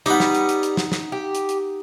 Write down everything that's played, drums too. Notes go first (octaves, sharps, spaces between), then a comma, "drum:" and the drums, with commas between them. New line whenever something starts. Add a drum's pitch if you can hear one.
G3 B3 D#4 F#5, drum: hi-hat
drum: snare
drum: hi-hat
drum: hi-hat
drum: hi-hat
drum: snare
drum: snare
G4
drum: hi-hat
drum: hi-hat